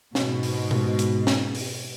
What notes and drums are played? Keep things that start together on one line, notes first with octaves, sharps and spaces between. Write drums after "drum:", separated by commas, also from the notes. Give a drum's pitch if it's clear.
G#2 B2, drum: snare
drum: open hi-hat
drum: tom B2
drum: hi-hat
drum: snare
drum: open hi-hat